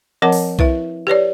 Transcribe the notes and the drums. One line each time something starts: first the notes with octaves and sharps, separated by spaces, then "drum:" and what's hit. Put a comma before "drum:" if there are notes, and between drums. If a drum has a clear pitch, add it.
F3 C4 A#4 C#5 F#5 A5
drum: open hi-hat
E4 B4 E5, drum: kick B1
G4 B4 C#5 D5